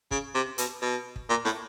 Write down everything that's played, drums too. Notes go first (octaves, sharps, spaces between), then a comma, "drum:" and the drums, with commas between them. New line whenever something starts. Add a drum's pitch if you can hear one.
C#3, drum: kick
C3
B2, drum: hi-hat
B2
drum: kick
A#2
A2, drum: snare E4